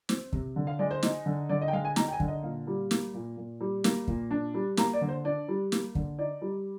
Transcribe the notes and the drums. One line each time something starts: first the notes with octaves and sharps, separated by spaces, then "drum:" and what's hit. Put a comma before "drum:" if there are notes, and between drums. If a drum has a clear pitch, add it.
C4, drum: snare
C3, drum: kick
D3
F5
G#3 D5
C5
D#4, drum: snare
D3
D3 D5
D#5
G5
G#3 F5
G#5
D#4 A#5, drum: snare
G5
G#5
D3, drum: kick
D#5
A#2 F5
G3
A#3, drum: snare
A#2
A#2
G3
A#3, drum: snare
A#2, drum: kick
D4
G3
A#3 A#5, drum: snare
D5
D3
C5
D4 D5
G3
A#3, drum: snare
D3, drum: kick
D#4 D5
G3